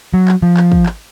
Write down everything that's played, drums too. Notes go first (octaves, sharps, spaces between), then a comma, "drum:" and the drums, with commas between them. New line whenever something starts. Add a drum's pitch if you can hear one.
F#3
drum: clap
F3
drum: clap
drum: kick
drum: clap